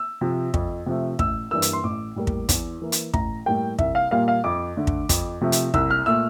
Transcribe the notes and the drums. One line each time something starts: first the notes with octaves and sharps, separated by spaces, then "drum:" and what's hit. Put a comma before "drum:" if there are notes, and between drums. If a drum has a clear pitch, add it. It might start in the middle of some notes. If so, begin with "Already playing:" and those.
Already playing: E6
C3 F3
F2, drum: kick
C3 F3 A3
A1 E6, drum: kick
G2 E3 A#3 E6
drum: hi-hat
C6
A1 D6
A2 G3 A#3
drum: kick
E2, drum: kick, hi-hat
E3 A#3
drum: hi-hat
A1 A#5, drum: kick
A2 G3 A#3 G5
C2 E5, drum: kick
F5
A#2 G3 A#3 F5
F5
F2 D6
D3 A3
drum: kick
F2, drum: kick, hi-hat
C3 F3 A3
drum: hi-hat
C2 E6, drum: kick
F6
A#2 A3 E6